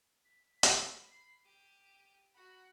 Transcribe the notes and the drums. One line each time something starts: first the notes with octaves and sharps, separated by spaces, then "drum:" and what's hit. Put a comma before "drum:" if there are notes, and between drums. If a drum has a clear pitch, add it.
B6
B5, drum: hi-hat
C7
G4 D#7
F#4 F#5 B5